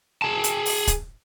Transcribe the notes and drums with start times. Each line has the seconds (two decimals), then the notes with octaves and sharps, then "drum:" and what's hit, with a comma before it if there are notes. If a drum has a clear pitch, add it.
0.22 G#4 A5
0.44 drum: hi-hat
0.66 drum: open hi-hat
0.87 drum: kick, hi-hat